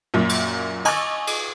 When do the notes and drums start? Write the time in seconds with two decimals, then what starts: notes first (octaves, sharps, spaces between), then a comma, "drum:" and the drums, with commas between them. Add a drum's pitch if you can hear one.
0.14 F#2 A#2
0.29 drum: cymbal
0.85 D#5 G#5 C#6 D6 E6 A6, drum: cymbal
1.27 drum: cymbal